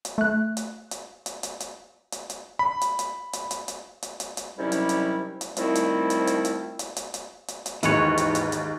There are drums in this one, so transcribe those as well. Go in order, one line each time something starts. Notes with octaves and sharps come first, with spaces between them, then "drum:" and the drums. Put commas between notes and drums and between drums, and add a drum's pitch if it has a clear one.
drum: hi-hat
A3 F#6
drum: hi-hat
drum: hi-hat
drum: hi-hat
drum: hi-hat
drum: hi-hat
drum: hi-hat
drum: hi-hat
B5
drum: hi-hat
drum: hi-hat
drum: hi-hat
drum: hi-hat
drum: hi-hat
drum: hi-hat
drum: hi-hat
drum: hi-hat
C3 D#3 F#3 G3 C#4 E4
drum: hi-hat
drum: hi-hat
drum: hi-hat
D#3 F3 G3 A3 C4 E4, drum: hi-hat
drum: hi-hat
drum: hi-hat
drum: hi-hat
drum: hi-hat
drum: hi-hat
drum: hi-hat
drum: hi-hat
drum: hi-hat
drum: hi-hat
D#2 G#2 E3 B4 C#5, drum: hi-hat
drum: hi-hat
drum: hi-hat
drum: hi-hat